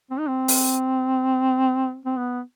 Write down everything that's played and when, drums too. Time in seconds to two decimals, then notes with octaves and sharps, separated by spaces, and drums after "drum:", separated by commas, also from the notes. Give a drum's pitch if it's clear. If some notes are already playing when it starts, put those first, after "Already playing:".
0.11 C4
0.19 D#4
0.27 C4
0.48 drum: open hi-hat
2.06 C4
2.17 B3